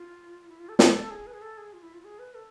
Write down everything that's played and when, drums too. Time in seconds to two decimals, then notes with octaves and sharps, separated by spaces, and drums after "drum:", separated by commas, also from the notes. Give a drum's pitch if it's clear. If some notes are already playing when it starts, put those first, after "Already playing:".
Already playing: F4
0.49 E4
0.59 F4
0.69 A4
0.79 A4, drum: snare
1.11 G#4
1.27 B4
1.34 G#4
1.42 A4
1.58 G#4
1.73 F4
1.83 E4
1.94 F4
2.05 G#4
2.19 B4
2.35 A4